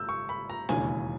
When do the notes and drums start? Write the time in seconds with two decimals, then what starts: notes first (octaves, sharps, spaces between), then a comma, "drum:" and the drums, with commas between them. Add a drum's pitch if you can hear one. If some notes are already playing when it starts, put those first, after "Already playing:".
Already playing: G#1 G#2 E6 G6
0.09 C#6
0.29 B5
0.50 A#5
0.69 E1 D#2 C#3 E3 G#5, drum: snare D4